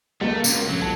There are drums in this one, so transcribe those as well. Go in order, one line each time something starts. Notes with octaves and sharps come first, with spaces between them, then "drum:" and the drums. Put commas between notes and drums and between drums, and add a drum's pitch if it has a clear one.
C#2 A3 A#3
C#2 B3 C#4 F#4, drum: tambourine
G2 C#3 F3 F#3 A3
C2 F2 F#3 A5